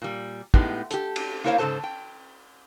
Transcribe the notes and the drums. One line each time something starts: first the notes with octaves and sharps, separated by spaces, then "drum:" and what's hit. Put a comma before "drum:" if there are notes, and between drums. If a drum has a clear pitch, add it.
A#2 G3
A2 G#3 B3 D#4 G4, drum: kick
G4 A4, drum: hi-hat
drum: cymbal
A#3 E4 A#4 C5 C#5 F5
G#2 C#3 E3 A4 C5 A5
G5